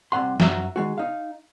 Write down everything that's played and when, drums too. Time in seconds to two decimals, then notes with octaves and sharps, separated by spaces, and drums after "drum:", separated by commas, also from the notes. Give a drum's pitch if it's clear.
0.12 C2 C3 F#5 C6
0.40 F#2 F#4 E5 A#5, drum: snare
0.76 D#3 G#3 F#4
0.98 D#4 F5